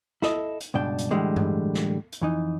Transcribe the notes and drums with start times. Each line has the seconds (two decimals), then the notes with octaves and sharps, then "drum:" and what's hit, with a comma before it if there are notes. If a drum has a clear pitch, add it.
0.22 E4 A4 D#5, drum: snare
0.60 drum: hi-hat
0.74 C#2 G2 B2 D4 G5
0.98 drum: hi-hat
1.10 A2 D3 E3 G3 G#3 A#3
1.36 drum: tom G2
1.74 drum: snare
2.12 drum: hi-hat
2.21 F2 E3 D#4